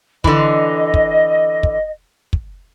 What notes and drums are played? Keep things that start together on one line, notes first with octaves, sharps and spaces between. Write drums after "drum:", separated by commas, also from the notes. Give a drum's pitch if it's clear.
D3 E3 D#5, drum: kick
drum: kick
drum: kick
drum: kick